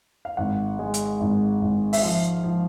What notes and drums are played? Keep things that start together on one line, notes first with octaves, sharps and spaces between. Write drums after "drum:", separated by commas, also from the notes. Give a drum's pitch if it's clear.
F5
G#1 F#5
G#3
drum: hi-hat
G#1
G#1
E5, drum: open hi-hat
F3 F5
F3